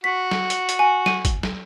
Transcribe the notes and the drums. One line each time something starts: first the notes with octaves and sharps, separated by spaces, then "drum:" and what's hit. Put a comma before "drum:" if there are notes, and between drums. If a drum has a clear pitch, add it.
F#4 B6
drum: snare
drum: hi-hat
drum: hi-hat
G#5
D#7, drum: snare
drum: kick, hi-hat
drum: snare